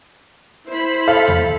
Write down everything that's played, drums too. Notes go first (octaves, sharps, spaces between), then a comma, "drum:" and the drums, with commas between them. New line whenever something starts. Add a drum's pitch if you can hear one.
E4 C5 B5
A4 F5
drum: tom E2